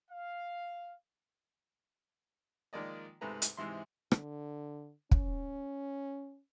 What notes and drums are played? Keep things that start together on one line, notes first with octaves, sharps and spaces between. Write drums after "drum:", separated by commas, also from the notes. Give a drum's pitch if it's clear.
F5
D#3 F3 G#3 A#3 D5 D#5
C#2 G#2 C3 A3 B4 A#5
drum: hi-hat
G#2 C3 E3 G#3 E4 C6
D3, drum: rim click
C#4, drum: kick